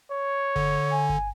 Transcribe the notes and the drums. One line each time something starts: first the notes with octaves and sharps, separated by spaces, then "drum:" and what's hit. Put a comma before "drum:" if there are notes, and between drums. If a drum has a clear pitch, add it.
C#5
D3, drum: kick G1
G#5
drum: kick G1